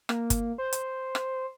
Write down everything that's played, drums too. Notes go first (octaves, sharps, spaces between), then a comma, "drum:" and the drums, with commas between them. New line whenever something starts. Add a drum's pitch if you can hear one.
A#3, drum: rim click
drum: kick G1, hi-hat
C5
drum: hi-hat
drum: rim click